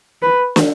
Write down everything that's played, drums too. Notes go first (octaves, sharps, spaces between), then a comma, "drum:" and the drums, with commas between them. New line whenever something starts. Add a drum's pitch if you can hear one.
B4
drum: snare